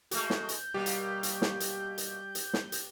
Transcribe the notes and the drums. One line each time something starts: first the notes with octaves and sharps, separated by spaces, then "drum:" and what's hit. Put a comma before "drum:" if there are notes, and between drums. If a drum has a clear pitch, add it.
G#3 A3 F#4 G6, drum: hi-hat
drum: snare
drum: hi-hat
B2 G3 A#3 G4
drum: hi-hat
drum: hi-hat
drum: snare
drum: hi-hat
drum: hi-hat
drum: hi-hat
drum: snare
drum: hi-hat